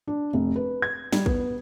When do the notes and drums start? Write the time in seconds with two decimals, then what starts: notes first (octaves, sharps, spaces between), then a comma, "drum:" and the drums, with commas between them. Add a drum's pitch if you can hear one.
0.07 D4
0.34 F1
0.56 B4
0.82 G#6
1.12 G3, drum: snare
1.26 B3, drum: kick